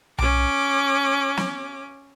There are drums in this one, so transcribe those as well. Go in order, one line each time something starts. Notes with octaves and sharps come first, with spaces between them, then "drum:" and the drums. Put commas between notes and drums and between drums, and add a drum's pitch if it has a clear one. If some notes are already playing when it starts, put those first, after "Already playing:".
C#4 D6, drum: tom B1
drum: snare